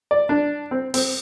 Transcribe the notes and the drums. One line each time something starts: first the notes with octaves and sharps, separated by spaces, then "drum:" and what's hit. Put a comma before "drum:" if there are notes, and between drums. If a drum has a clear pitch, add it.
D5
D4
C4
C4, drum: open hi-hat